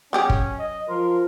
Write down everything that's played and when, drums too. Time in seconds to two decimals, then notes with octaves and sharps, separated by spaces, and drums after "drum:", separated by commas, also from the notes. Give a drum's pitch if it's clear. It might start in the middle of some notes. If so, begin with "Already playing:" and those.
0.13 F#3 C#4 G4 G#4
0.30 drum: kick
0.59 D#5
0.89 F3 A#4 C6